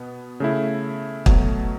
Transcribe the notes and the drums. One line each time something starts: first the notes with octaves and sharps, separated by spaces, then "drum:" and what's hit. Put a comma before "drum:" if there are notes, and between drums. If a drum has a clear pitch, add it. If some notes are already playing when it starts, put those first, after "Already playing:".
Already playing: B2 B3
C#3 A3 E4
B2 F#3 A3, drum: kick